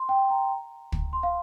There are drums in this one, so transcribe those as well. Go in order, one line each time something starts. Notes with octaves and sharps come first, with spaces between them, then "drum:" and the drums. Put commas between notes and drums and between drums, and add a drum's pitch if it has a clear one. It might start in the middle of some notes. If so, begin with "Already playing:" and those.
Already playing: C6
G5
A#5
drum: kick
C6
F5